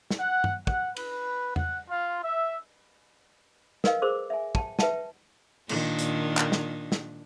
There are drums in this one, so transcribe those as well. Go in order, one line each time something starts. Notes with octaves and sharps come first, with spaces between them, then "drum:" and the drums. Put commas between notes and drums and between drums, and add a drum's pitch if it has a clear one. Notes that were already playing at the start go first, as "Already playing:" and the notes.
drum: snare
F#5
drum: tom
F#5, drum: kick
B4, drum: cymbal
F#5, drum: tom E2
F4
E5
A#4 B4 D#5 F5, drum: snare
G#4 A#4 C5 D6 E6
E5 G#5
G5 A5, drum: kick
B4 E5 G5 A5, drum: snare
A#2 D#3 D4, drum: cymbal
drum: hi-hat
drum: clap
drum: snare
drum: snare